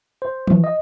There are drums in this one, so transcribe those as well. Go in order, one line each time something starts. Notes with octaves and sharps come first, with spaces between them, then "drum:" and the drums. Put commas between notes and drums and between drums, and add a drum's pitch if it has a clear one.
C5
E3, drum: tom
D#5